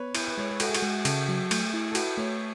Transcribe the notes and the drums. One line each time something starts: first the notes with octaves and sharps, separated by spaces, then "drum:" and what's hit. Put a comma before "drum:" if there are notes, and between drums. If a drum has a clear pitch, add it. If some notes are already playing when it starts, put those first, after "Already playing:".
Already playing: B3 B4 C#5
E4 B4, drum: cymbal
B4
G#3 C#5
B4
F#4 A4, drum: cymbal
G#4
F#4, drum: cymbal
G#3
C#3 A4, drum: cymbal
F#3
A3, drum: cymbal
E4
A4
F#4 B4, drum: cymbal
A3 C#5